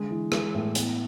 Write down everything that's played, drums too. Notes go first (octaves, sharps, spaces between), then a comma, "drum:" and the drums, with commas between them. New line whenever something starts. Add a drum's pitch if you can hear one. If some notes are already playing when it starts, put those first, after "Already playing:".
Already playing: D3 G#3
E3
G#3, drum: rim click
A2
B3, drum: hi-hat